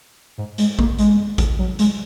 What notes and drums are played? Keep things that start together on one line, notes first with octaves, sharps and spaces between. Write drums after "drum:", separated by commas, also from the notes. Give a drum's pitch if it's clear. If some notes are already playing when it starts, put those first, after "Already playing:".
G#2
G#3, drum: hi-hat
A#3, drum: kick A1
G#3, drum: hi-hat
drum: kick A1, hi-hat
F#3
G#3, drum: hi-hat